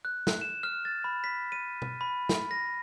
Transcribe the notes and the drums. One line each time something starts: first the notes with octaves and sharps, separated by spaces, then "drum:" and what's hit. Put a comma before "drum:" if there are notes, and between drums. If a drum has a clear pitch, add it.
F#6
drum: snare
E7
F6
A6
B5
B6
D#7
drum: tom
B5
drum: snare
A#6